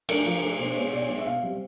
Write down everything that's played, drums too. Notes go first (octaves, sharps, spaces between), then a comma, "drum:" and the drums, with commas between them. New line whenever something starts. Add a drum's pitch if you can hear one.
A3 D4 A#4, drum: cymbal
F3
A3 D4
B2 C5
G#3 B3 C#5
B2 D5
C#5
G#3 B3
E5
B2 F5
G3 C4